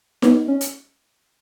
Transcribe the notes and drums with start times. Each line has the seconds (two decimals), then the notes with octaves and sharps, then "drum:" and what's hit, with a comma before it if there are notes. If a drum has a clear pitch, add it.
0.22 B3, drum: snare D#4
0.48 C#4
0.61 drum: hi-hat